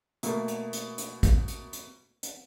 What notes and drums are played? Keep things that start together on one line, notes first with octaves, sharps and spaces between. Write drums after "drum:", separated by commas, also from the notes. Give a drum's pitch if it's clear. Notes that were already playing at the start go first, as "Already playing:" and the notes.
B2 A3 A#3, drum: hi-hat
drum: hi-hat
drum: hi-hat
drum: hi-hat
drum: kick, hi-hat
drum: hi-hat
drum: hi-hat
drum: hi-hat